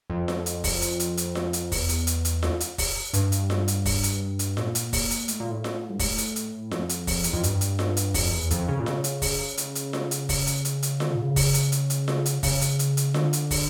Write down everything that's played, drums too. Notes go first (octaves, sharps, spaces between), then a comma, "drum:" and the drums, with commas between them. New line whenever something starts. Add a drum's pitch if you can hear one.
F2
drum: snare F4
drum: hi-hat
drum: kick, open hi-hat
drum: hi-hat
drum: hi-hat
drum: hi-hat
drum: snare F4
drum: hi-hat
E2, drum: kick, open hi-hat
drum: hi-hat
drum: hi-hat
drum: hi-hat
drum: snare F4
drum: hi-hat
drum: kick, open hi-hat
G2, drum: hi-hat
drum: hi-hat
drum: snare F4
drum: hi-hat
drum: kick, open hi-hat
drum: hi-hat
drum: hi-hat
A#2, drum: snare F4
drum: hi-hat
drum: kick, open hi-hat
drum: hi-hat
A2, drum: hi-hat
A#2
A2
drum: snare F4
G2
A2, drum: kick, open hi-hat
drum: hi-hat
drum: hi-hat
F2, drum: snare F4
drum: hi-hat
drum: kick, open hi-hat
E2, drum: hi-hat
F2
G2, drum: hi-hat
drum: hi-hat
drum: snare F4
drum: hi-hat
F2, drum: kick, open hi-hat
E2
F2, drum: hi-hat
C#3
A#2
C#3, drum: snare F4
drum: hi-hat
drum: kick, open hi-hat
drum: hi-hat
drum: hi-hat
drum: snare F4
drum: hi-hat
drum: kick, open hi-hat
drum: hi-hat
drum: hi-hat
drum: hi-hat
D3, drum: snare F4
C#3
A#2
C#3
drum: kick, open hi-hat
drum: hi-hat
drum: hi-hat
drum: hi-hat
drum: snare F4
drum: hi-hat
C#3, drum: kick, open hi-hat
drum: hi-hat
drum: hi-hat
drum: hi-hat
D3, drum: snare F4
drum: hi-hat
drum: kick, open hi-hat